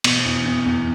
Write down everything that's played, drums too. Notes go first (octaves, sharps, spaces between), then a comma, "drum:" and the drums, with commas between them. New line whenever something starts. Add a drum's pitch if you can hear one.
B2, drum: cymbal
E2
E2
E2